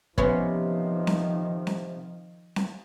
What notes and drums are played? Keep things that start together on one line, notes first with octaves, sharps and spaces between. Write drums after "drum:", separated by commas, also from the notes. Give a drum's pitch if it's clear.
C3 D#3 F3 B3 C#4, drum: kick
drum: snare C4
drum: snare C4
drum: snare C4